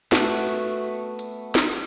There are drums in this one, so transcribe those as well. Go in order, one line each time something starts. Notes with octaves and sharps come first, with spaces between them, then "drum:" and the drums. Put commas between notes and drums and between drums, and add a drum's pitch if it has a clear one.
A3 B3 F#4, drum: snare
drum: hi-hat
drum: hi-hat
drum: snare